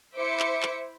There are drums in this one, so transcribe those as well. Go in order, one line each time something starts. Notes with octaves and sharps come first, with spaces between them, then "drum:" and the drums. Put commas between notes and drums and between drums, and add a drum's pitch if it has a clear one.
E4 C5 E5 D6 C#7
drum: clap
drum: clap